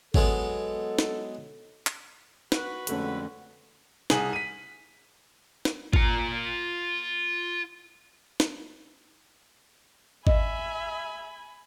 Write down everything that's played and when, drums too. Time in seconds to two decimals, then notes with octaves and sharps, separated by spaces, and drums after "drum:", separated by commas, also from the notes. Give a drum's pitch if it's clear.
0.14 F#3 G#3 B3 A4, drum: kick G#1
0.99 drum: snare
1.87 drum: clap
2.52 F#4 B4, drum: snare
2.87 F2 D3 G#3 A3 C#4, drum: hi-hat
4.10 C2 G#4 F#7, drum: snare
4.33 B6 D#7
5.65 drum: snare
5.93 F4 A#5, drum: kick G#1
8.40 drum: snare
10.27 D#5 E5 G#5 B5, drum: kick G#1